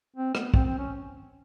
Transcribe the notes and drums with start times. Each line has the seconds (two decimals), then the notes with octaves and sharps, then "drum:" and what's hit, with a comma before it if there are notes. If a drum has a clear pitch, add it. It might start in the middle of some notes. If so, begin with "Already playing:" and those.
0.16 C4
0.35 B3, drum: rim click
0.54 C4, drum: kick
0.65 C4
0.78 C#4